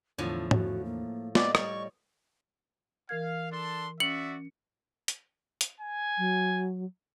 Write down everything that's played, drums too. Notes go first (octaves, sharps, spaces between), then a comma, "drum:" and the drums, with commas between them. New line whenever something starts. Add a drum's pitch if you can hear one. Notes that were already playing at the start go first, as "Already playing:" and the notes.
E2 A2 D3 F3 F4 G#5
F#4, drum: tom
A#3
B3 D5 D#5, drum: snare
G3 C#5 D5 A#5 C#6, drum: rim click
E3 A#4 F5 G#6
D4 A4 C6
C#4 F#4 D5 E5 C#7 F#7
drum: hi-hat
drum: hi-hat
G#5
F#3